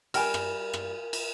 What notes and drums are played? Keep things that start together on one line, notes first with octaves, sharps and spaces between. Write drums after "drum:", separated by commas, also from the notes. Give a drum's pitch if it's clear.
G3 A#4 G5 G#5 F6, drum: cymbal
drum: rim click
drum: rim click
drum: cymbal